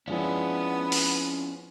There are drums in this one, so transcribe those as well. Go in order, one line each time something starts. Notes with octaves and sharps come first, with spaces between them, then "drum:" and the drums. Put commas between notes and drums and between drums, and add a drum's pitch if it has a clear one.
F3 G#3 B3 C#4 D4 E4
drum: open hi-hat